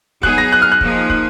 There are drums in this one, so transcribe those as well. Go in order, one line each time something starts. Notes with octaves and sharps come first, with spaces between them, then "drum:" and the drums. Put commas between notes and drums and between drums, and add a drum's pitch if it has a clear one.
F#3 B3 D#4 G#4 F#6, drum: kick
A#6
F#6
F6
F#6
F3 A#3 D#4 G#4, drum: kick
F#6, drum: kick